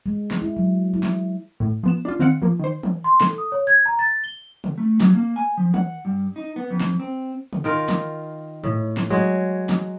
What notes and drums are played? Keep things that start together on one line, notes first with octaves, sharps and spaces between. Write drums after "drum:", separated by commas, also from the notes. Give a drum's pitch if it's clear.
G#3
drum: snare
E4
F#3
E4
drum: snare
A2
F3 B3 E7
D4 F4
D#3 C4 F5 F#5 C#7
F3 A#3
D#3 C5
drum: tom
C6
A4, drum: snare
D#6
C#5
G#6
A#5
A6
G7
drum: tom
A3
F#3, drum: snare
A#3
G#5
F3
F#5, drum: tom
G2
D#4
B3
F2
drum: snare
C4
drum: tom
D#3 F4 A#4
drum: snare
A2, drum: tom
drum: snare
F#3 G#3 C#5
drum: snare